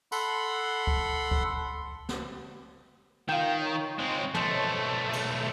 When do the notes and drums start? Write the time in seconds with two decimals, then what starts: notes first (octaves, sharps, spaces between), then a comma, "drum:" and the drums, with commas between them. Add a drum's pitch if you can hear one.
0.12 A4 F#5 B5 C6, drum: tambourine
0.87 drum: kick C#2
1.31 drum: kick C#2
2.09 drum: snare
3.29 D#3 F4 G5
3.59 C#5
3.98 G#3 C4
4.35 B1 A3 C5 D#5 A5, drum: tom
5.13 drum: cymbal